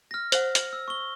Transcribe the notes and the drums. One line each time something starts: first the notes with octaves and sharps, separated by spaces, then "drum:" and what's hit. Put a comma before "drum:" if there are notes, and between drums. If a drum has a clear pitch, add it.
F6 A#6
C5 F#5, drum: hi-hat
drum: hi-hat
E6
C#6 G7